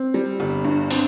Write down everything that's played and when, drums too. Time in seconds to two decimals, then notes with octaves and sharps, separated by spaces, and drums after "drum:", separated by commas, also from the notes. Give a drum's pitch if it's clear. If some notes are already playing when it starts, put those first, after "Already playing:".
Already playing: C4
0.14 G3
0.40 G1
0.64 G2
0.91 C4, drum: open hi-hat